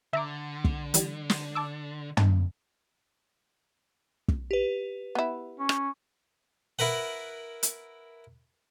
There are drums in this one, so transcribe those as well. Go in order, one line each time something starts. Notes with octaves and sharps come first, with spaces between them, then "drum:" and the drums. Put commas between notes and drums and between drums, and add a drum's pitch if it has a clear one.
D3 E5 A#5 D6
drum: kick
E3 G3, drum: hi-hat
drum: snare
A5 D6 E6
A5, drum: tom
drum: kick
G4 B4
B3 E4
C#4
drum: rim click
E4 A#4 B4 F#5
drum: hi-hat